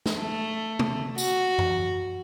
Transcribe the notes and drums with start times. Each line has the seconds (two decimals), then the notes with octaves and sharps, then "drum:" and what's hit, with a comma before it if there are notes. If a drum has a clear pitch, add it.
0.06 drum: snare
0.18 A3
0.79 drum: tom C3
1.18 F#4, drum: tambourine
1.59 drum: tom F#2